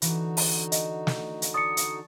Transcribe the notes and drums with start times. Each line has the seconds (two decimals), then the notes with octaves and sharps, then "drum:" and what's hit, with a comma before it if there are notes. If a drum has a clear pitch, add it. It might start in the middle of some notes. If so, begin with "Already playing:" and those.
0.02 D3 E3 D#4 F#4, drum: hi-hat
0.37 drum: open hi-hat
0.72 D#5, drum: hi-hat
1.07 drum: snare
1.42 drum: hi-hat
1.54 D5 A5 C#6 D#6 C#7
1.77 drum: hi-hat